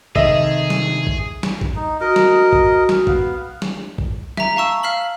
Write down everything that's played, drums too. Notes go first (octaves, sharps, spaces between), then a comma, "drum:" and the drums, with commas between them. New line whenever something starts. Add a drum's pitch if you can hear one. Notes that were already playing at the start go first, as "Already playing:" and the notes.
C3 D#3 G#4 A4 D#5 E5, drum: kick
drum: snare
drum: kick
drum: snare
drum: kick
D#4
F#4 A#4 D#5 D#6
drum: snare
drum: kick
drum: snare
B3 F5, drum: kick
drum: snare
drum: kick
E5 A#5, drum: snare
F5 A5 C#6 E6
F5 F6 B6 F#7